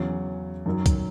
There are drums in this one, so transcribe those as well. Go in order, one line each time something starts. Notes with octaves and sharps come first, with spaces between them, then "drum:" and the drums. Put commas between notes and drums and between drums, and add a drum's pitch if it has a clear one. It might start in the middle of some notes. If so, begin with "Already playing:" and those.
Already playing: E2 C#3 F#3 C#4
F#2 D#3 F#3
drum: kick, hi-hat